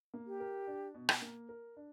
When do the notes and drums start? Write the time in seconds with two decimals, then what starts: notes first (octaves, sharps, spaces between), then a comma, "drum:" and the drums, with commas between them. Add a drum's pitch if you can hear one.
0.14 A#3
0.27 G4
0.40 A#4
0.67 D4
0.94 B2
1.09 drum: rim click
1.22 A#3
1.49 A#4
1.77 D4